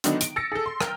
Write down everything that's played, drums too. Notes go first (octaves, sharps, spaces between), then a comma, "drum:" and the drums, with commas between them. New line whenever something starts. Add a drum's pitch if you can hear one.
D3 D#3 F#3 B3 D4 D#4, drum: hi-hat
D7, drum: hi-hat
E6 A6 A#6 C#7
G#4 A4
C6
A#4 G5 F6, drum: rim click